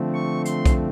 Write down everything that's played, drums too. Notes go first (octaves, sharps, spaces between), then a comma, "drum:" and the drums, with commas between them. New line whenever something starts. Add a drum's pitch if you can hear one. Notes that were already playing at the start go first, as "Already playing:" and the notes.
Already playing: D3 F3 A3 C4
C#6
C6, drum: hi-hat
drum: kick B1, hi-hat